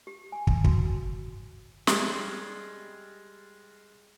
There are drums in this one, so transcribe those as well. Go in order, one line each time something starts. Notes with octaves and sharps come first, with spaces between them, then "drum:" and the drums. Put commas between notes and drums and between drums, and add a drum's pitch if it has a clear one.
G4
G#5
drum: kick
F#4, drum: kick
G3 G#3, drum: snare